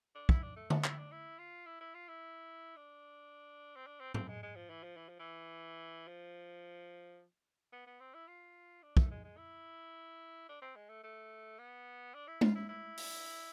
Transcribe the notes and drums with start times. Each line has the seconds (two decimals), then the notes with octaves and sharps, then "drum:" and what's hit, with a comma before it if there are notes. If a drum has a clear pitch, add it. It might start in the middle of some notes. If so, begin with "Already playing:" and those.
0.15 D4
0.29 E4, drum: kick
0.42 D4
0.56 A3
0.70 B3, drum: tom D3
0.84 E4, drum: clap
0.98 D4
1.12 E4
1.38 F4
1.66 E4
1.80 E4
1.94 F4
2.08 E4
2.76 D4
3.76 C4
3.87 D4
4.00 C4
4.14 C4, drum: tom G#2
4.28 G#3
4.43 G#3
4.55 F3
4.70 E3
4.83 F3
4.97 E3
5.08 F3
5.19 E3
6.08 F3
7.73 B3
7.87 B3
8.00 C4
8.14 E4
8.28 F4
8.83 D4
8.97 A3, drum: kick
9.11 G#3
9.24 G#3
9.37 E4
10.48 D4
10.62 C4
10.76 G#3
10.90 A3
11.04 A3
11.59 B3
12.14 D4
12.27 E4
12.41 F4, drum: tom G#3
12.55 E4
12.69 E4
12.97 drum: open hi-hat